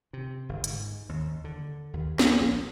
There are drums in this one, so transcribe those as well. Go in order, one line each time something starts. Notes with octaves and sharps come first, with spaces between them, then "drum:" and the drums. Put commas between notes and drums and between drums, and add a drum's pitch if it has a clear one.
C3
G1
G#2, drum: hi-hat
D#2
D3
D#2
D4, drum: snare
A#1